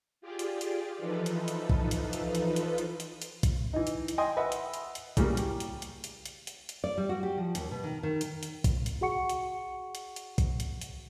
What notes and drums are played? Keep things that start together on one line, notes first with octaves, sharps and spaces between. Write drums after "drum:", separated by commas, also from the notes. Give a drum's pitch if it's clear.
F4 G4 G#4 D5
drum: hi-hat
drum: hi-hat
E3 F3 D#4 F4 A4 B4
drum: hi-hat
drum: hi-hat
drum: kick
drum: hi-hat
drum: hi-hat
drum: hi-hat
drum: hi-hat
drum: hi-hat
drum: hi-hat
drum: hi-hat
drum: kick, hi-hat
E3 D#4
drum: hi-hat
drum: hi-hat
D#5 G5 G#5 C6 D#6
B4 D#5 E5 F#5
drum: hi-hat
drum: hi-hat
drum: hi-hat
C#3 E3 F#3 G3 A#3, drum: kick, hi-hat
G4, drum: hi-hat
drum: hi-hat
drum: hi-hat
drum: hi-hat
drum: hi-hat
drum: hi-hat
drum: hi-hat
D5
G3
F#4
G4
F3
D#2, drum: hi-hat
B2
D#3
D#3
drum: hi-hat
drum: hi-hat
drum: kick, hi-hat
drum: hi-hat
F#4 G#4 F#5 C#6 C#7
drum: hi-hat
drum: hi-hat
drum: hi-hat
drum: kick, hi-hat
drum: hi-hat
drum: hi-hat